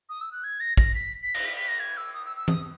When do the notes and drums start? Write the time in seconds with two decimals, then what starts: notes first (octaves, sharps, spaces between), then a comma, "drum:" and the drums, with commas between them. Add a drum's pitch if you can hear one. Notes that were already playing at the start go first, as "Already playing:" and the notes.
0.09 D#6
0.21 E6
0.32 F#6
0.44 G#6
0.60 A#6
0.77 A#6, drum: kick
0.95 B6
1.23 B6
1.34 A#6, drum: cymbal
1.46 B6
1.57 B6
1.68 A#6
1.80 G#6
1.97 E6
2.14 D#6
2.25 E6
2.37 E6
2.48 D#6, drum: tom E3